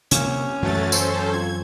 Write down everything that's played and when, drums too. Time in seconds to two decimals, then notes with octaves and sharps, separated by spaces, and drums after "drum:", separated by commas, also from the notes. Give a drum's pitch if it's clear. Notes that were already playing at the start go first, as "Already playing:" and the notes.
0.11 C3 A#3 C#4, drum: hi-hat
0.62 F#2 E3 F#3 A3 A6
0.92 A4 C5, drum: tambourine
1.33 F2 G#6